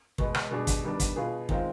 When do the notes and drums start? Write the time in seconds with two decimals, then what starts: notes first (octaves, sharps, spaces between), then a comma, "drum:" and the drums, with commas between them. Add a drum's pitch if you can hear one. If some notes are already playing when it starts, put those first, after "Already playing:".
0.18 B2 G#3 B3, drum: kick
0.34 drum: rim click
0.51 B2 G3 D4 G#4
0.67 drum: kick, hi-hat
0.83 D#3 G3 B3 D4
1.00 drum: kick, hi-hat
1.16 B2 B3 F4 G#4
1.49 D#3 G#3 C4 F4, drum: kick